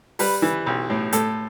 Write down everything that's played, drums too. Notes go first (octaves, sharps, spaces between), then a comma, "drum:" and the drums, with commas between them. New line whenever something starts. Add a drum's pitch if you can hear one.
G3 B4, drum: open hi-hat
E3
B1
A2
A2 A4, drum: hi-hat